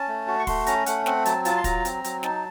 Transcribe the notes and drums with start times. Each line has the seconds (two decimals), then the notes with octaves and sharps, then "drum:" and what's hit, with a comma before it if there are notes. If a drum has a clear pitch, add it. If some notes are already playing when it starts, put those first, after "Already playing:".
Already playing: C#4 A5
0.08 A3
0.28 F#4
0.39 C#6
0.47 A3 C6, drum: kick, open hi-hat
0.66 C#4 A#5, drum: hi-hat
0.86 A3 F#5, drum: hi-hat
1.06 C4 F#5, drum: snare
1.25 F#3 A5, drum: hi-hat
1.45 F4 A5, drum: hi-hat
1.58 C6
1.64 F#3 A#5, drum: kick, hi-hat
1.85 C4, drum: hi-hat
2.04 F#3, drum: hi-hat
2.23 D#4 A5, drum: snare